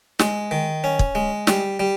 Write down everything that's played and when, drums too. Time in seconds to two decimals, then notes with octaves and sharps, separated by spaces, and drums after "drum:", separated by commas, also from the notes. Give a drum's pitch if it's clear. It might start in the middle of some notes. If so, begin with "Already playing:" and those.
0.19 G#3, drum: snare
0.51 D#3
0.84 C#4
0.99 drum: kick
1.15 G#3
1.47 G3, drum: snare
1.80 G3